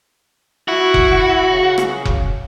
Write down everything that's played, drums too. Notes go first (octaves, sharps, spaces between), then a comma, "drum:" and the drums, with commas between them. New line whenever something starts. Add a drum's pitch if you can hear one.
E4 F#4
drum: kick F1
C#3
drum: rim click
drum: kick F1